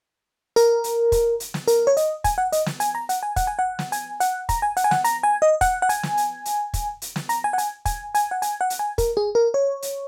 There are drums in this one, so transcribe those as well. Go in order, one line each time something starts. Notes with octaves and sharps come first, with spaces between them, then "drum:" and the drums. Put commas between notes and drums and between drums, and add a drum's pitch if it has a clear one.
A#4, drum: hi-hat
drum: hi-hat
drum: kick, hi-hat
drum: hi-hat
drum: snare
A#4, drum: hi-hat
C#5
D#5, drum: hi-hat
G#5, drum: kick, hi-hat
F#5
D#5, drum: hi-hat
drum: snare
G#5, drum: hi-hat
A#5
F#5, drum: hi-hat
G#5
F#5, drum: kick, hi-hat
G#5
F#5
drum: snare
G#5, drum: hi-hat
F#5, drum: hi-hat
A#5, drum: kick, hi-hat
G#5
F#5, drum: hi-hat
G#5
F#5, drum: snare
A#5, drum: hi-hat
G#5
D#5
F#5, drum: kick, hi-hat
F#5
G#5, drum: hi-hat
drum: snare
drum: hi-hat
drum: hi-hat
drum: kick, hi-hat
drum: hi-hat
drum: snare
A#5, drum: hi-hat
G#5
F#5
G#5, drum: hi-hat
G#5, drum: kick, hi-hat
G#5, drum: hi-hat
F#5
G#5, drum: hi-hat
F#5
drum: hi-hat
G#5
A#4, drum: kick, hi-hat
G#4
A#4
C#5
drum: hi-hat